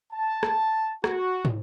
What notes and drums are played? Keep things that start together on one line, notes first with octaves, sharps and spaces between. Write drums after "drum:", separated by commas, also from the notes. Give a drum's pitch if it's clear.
A5
drum: rim click
F#4, drum: rim click
drum: tom